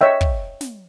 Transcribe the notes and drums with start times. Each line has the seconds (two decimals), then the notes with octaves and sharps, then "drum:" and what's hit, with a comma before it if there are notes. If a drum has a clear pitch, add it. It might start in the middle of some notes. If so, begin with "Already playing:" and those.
0.01 C#5 D#5 E5 G5
0.21 drum: kick
0.61 drum: snare